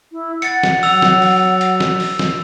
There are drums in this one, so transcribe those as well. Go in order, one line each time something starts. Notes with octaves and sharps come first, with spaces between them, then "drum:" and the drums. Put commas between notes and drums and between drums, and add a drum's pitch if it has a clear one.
E4
F#5 A6 C#7, drum: hi-hat
drum: snare
F#3 E6 F7, drum: open hi-hat
drum: snare
drum: open hi-hat
drum: hi-hat
drum: snare
drum: open hi-hat
drum: snare